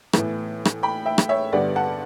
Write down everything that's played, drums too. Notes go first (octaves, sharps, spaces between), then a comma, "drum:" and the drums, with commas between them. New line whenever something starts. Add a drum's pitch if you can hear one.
A2 E3 B3, drum: rim click
drum: rim click
G5 B5
E5 G5
drum: rim click
C#5 E5
G2 D3 G3 B3 D5 F#5
F#5 A5